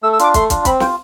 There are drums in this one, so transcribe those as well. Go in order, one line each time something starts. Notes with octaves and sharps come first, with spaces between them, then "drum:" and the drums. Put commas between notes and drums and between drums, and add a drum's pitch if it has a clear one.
A3 E6
E6
D4 F4 D6, drum: hi-hat
A3 C6, drum: kick, hi-hat
D4 F4, drum: kick, hi-hat
C4 B5, drum: kick, hi-hat
F4 G5, drum: snare